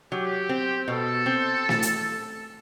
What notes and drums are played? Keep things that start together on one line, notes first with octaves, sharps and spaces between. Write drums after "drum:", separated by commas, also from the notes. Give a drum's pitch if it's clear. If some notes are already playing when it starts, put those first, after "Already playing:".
F#3 G4
C4
B2 A4
C4
drum: snare
drum: hi-hat